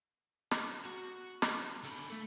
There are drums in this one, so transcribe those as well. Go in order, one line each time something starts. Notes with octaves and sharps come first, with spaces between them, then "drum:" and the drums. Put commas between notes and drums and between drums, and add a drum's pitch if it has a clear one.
drum: snare
F#4
drum: snare
D3 B5
A3 A4